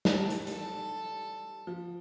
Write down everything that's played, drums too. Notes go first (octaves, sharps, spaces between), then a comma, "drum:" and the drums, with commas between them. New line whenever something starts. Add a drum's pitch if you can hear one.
drum: snare
G3 A5
drum: hi-hat
A4, drum: hi-hat
F3